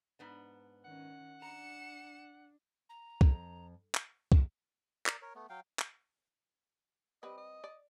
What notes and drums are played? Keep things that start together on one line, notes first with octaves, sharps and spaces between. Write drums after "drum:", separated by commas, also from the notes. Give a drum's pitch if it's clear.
G#2 B3 D4
D#3 C#4 F#5
D4 A#5 C#7 E7
A#5
F2, drum: kick
drum: clap
drum: kick
A#4 D5, drum: clap
A#4 C#5
A3 B3
F#3 F5 G5
drum: clap
G3 C4 B4 D#5
D#5
D5